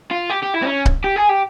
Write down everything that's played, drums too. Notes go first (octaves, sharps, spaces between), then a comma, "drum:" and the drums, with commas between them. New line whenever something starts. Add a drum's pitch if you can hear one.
F4
G4
G4
E4
C4
C#4
drum: kick C#1
G4
G#4
G4